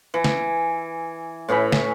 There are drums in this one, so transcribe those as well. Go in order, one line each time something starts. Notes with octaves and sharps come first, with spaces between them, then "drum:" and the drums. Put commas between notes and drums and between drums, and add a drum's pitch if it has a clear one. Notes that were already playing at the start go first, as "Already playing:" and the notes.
E3
drum: snare
A2 E3 C#4 B5
drum: snare